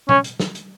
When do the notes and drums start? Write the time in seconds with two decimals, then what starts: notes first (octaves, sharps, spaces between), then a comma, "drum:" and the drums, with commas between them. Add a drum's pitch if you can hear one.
0.09 C#4, drum: tom A#2
0.24 drum: hi-hat
0.40 drum: snare
0.55 drum: hi-hat